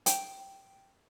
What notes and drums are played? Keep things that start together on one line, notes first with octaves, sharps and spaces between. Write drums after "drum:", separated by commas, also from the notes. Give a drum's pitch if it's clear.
G5, drum: hi-hat